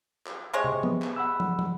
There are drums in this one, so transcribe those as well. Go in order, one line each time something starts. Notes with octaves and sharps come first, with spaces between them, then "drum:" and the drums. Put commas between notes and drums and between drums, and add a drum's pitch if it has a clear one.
drum: clap
C3 G#3 C#5
drum: tom
B3, drum: tom
drum: clap
F#5 B5 E6
drum: tom
drum: tom